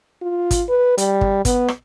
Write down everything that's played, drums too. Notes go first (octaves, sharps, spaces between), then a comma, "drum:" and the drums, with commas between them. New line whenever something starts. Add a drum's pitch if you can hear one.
F4
drum: kick, hi-hat
B4
G3, drum: hi-hat
drum: kick
B3, drum: kick, hi-hat
drum: rim click